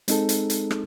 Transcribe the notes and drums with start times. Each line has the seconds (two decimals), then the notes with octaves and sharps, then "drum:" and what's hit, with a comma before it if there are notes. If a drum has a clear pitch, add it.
0.08 G#3 C4 D#4 G#4 A4, drum: hi-hat
0.29 drum: hi-hat
0.50 drum: hi-hat
0.71 drum: rim click